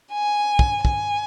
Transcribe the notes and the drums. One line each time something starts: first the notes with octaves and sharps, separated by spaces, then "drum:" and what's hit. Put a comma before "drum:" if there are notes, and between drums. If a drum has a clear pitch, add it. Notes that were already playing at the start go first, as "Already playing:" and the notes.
G#5
drum: kick
G#5, drum: kick